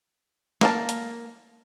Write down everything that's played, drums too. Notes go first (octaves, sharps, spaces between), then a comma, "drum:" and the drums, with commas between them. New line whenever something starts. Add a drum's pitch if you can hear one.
A#3 F5 A5, drum: snare
drum: hi-hat